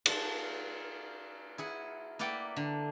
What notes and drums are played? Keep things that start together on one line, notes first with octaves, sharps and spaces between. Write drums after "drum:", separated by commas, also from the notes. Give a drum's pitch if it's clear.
F#5 A5, drum: cymbal
E4 G#4 F#5
A#3 E4 B4 D5 F#5 G5
D3